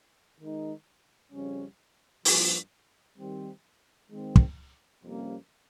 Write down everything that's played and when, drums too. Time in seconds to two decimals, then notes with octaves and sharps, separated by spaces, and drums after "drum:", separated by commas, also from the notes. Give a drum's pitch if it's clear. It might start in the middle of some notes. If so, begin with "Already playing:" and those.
0.41 D#3 G#3 D#4
1.33 F2 C#3 G3 C#4
2.25 G2 F3 A#3, drum: open hi-hat
3.18 D#3 G3 C4
4.11 D#3 G#3 C4
4.36 drum: kick
5.03 F2 C3 G3 A#3 C#4